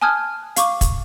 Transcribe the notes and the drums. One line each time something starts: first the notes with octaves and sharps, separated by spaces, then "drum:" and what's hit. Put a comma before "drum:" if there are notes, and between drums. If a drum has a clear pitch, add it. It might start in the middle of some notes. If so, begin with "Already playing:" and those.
G#5 A5 D#6 F6 F#6 G#6
F5 C#6 D6, drum: hi-hat
drum: kick, hi-hat